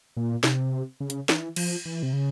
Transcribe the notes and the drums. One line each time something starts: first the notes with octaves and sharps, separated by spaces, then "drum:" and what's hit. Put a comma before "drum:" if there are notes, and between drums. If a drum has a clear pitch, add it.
A#2
C3, drum: snare
C#3
drum: hi-hat
E3, drum: snare
F3, drum: cymbal
E3
C3
C#3